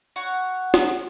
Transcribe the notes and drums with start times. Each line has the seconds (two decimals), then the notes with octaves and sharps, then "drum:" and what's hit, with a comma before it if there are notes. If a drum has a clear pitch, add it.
0.16 F#4 C#5 F#5
0.74 drum: snare